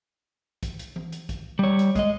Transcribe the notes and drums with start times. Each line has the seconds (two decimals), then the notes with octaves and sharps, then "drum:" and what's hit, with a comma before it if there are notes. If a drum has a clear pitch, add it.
0.63 drum: kick, hi-hat
0.79 drum: hi-hat
0.96 drum: tom E3
1.12 drum: hi-hat
1.29 drum: kick, hi-hat
1.59 G3 C#5
1.79 drum: hi-hat
1.96 G#3 D#5, drum: kick, hi-hat